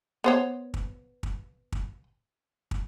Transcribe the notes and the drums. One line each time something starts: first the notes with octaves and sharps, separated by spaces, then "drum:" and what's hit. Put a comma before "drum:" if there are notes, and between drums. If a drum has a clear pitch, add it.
B3 C5 C#5
drum: kick
drum: kick
drum: kick
drum: kick